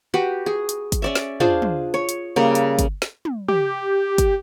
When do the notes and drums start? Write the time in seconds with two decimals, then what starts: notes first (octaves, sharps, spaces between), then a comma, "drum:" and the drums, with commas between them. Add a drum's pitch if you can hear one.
0.14 F#4 G4 B4
0.46 G#4
0.69 drum: hi-hat
0.92 drum: kick, hi-hat
1.02 C#4 D5 E5
1.15 drum: snare
1.40 D4 F4 G#4 C5, drum: tom
1.62 drum: tom
1.94 C#5
2.09 drum: hi-hat
2.36 C#3 G3 A#3
2.55 drum: hi-hat
2.79 drum: kick, hi-hat
3.02 drum: snare
3.25 drum: tom
3.48 G4, drum: tom
4.18 drum: kick, hi-hat